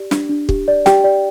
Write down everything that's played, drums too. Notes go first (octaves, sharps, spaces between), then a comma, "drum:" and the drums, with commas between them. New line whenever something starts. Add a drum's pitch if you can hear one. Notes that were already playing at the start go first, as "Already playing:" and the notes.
Already playing: G4 D5
D4, drum: snare
D4
G4, drum: kick
D5
G4 G5, drum: snare
D5